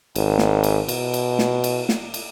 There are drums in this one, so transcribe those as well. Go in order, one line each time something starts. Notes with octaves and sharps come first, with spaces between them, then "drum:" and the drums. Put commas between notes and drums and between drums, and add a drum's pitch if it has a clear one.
G#1, drum: cymbal
drum: snare
drum: cymbal
B2, drum: cymbal
drum: cymbal
drum: snare
drum: cymbal
drum: snare
drum: cymbal